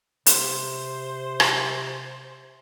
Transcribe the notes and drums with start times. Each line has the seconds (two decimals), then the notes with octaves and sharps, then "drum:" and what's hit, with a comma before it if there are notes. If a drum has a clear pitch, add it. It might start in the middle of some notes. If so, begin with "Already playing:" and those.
0.26 C3 C5, drum: hi-hat
1.40 drum: rim click